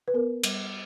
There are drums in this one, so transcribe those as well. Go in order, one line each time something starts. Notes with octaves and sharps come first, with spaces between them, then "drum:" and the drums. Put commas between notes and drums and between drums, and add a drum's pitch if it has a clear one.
B4
B3 A#4
G3, drum: cymbal